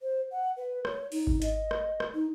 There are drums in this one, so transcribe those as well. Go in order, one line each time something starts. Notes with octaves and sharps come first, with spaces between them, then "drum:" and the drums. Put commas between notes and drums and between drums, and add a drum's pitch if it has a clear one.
C5
F#5
B4
C#5, drum: rim click
D#4, drum: open hi-hat
drum: kick G#1
D#5, drum: hi-hat
drum: rim click
drum: rim click
D#4